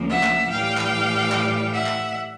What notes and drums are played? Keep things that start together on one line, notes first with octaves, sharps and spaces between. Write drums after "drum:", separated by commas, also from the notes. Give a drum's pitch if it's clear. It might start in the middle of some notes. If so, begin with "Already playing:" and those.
Already playing: D2 C#3 F3 A#3
E5 F#5
drum: clap
A2 E3 G3 F5 G5
drum: clap
drum: clap
E5 F#5
drum: clap